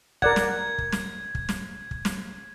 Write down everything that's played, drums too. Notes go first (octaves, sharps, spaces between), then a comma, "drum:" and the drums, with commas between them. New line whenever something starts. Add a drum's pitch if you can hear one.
A#4 D5 F#5 G#6, drum: kick
drum: snare
drum: kick
drum: snare
drum: kick
drum: snare
drum: kick
drum: snare